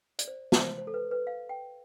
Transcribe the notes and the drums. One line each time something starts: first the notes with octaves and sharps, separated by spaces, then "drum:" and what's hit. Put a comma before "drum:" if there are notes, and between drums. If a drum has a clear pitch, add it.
D5, drum: hi-hat
C5
drum: snare
C5
C5
A4
B4
B4
F5
G5